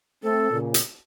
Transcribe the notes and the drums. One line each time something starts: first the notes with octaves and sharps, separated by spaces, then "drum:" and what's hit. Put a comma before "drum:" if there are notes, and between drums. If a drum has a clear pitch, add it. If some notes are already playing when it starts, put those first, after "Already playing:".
A3 C4 A4
A#2 C#3
drum: hi-hat